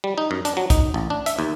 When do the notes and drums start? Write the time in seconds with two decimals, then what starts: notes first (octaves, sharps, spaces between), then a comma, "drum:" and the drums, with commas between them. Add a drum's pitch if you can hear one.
0.04 G3
0.18 D#4
0.31 F#2
0.45 D4, drum: hi-hat
0.57 F#3
0.70 D#4, drum: kick, hi-hat
0.94 A1
1.10 D4
1.26 E5, drum: hi-hat
1.39 D#2